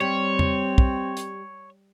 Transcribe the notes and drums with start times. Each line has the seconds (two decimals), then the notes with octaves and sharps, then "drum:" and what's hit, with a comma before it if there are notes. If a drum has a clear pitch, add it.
0.01 G3 C4 C#5
0.39 drum: tom E2
0.78 drum: kick
1.17 drum: hi-hat